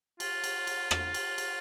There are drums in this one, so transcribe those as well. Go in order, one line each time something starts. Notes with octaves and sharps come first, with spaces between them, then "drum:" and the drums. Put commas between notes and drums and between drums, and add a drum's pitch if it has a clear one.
F4, drum: cymbal
drum: cymbal
drum: cymbal
drum: rim click
drum: cymbal
drum: cymbal